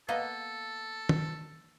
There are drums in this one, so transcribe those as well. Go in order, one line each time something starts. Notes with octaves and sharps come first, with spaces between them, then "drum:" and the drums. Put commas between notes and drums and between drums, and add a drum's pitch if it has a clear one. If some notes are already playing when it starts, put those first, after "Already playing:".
A#3 B3 A4 D#5
drum: tom D#3